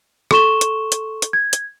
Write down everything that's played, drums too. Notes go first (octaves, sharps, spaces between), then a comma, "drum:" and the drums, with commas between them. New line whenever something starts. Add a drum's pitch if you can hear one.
A4 C6 C#6 E7 G7, drum: rim click
drum: hi-hat
drum: hi-hat
drum: hi-hat
G#6
drum: hi-hat